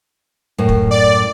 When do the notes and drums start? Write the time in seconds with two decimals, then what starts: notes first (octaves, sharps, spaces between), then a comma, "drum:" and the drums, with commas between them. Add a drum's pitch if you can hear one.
0.58 F#2 A2
0.69 drum: kick
0.91 D5